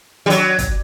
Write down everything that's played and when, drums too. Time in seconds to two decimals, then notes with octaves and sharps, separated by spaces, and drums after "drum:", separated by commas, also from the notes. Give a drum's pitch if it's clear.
0.26 G3
0.30 F#3, drum: hi-hat
0.58 drum: kick, hi-hat